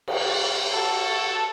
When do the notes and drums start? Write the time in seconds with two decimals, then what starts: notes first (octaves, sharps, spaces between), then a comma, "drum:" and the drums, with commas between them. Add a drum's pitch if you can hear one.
0.08 drum: cymbal
0.74 F#4 A4